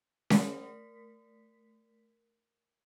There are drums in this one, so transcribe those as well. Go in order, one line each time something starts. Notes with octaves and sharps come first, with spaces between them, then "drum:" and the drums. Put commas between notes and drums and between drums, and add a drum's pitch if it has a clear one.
A3 A#4 B6, drum: snare C#4